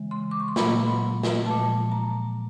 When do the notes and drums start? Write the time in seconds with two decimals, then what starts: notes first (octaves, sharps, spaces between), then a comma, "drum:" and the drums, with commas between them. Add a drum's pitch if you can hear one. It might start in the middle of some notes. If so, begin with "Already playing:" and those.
Already playing: C#3 E3 G#3
0.11 C6
0.31 D6
0.40 C#6
0.48 C6
0.56 A#2 F#3 A#3 B5, drum: snare
1.23 drum: snare
1.46 A#2 F3 G#3 A5
1.92 A#5